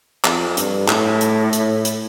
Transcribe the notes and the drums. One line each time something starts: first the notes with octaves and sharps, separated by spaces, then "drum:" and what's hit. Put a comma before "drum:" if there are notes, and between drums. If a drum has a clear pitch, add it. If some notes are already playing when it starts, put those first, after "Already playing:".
F2, drum: clap
G2, drum: hi-hat
A2, drum: clap
drum: hi-hat
A2, drum: hi-hat
drum: hi-hat